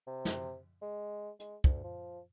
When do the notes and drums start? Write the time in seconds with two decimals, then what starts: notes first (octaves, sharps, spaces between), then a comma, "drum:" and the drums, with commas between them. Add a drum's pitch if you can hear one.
0.07 C3
0.25 drum: snare
0.82 G#3
1.40 G#3, drum: hi-hat
1.64 D2, drum: kick
1.84 F3